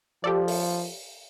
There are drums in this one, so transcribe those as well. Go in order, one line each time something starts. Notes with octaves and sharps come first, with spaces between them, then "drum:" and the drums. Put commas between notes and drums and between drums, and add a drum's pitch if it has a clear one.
F3 G4 A4 D5
drum: open hi-hat